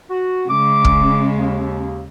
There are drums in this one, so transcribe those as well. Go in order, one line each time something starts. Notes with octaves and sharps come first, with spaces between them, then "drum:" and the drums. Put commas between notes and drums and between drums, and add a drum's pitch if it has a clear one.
F#4
C#3 G#3 D6
drum: kick
D#2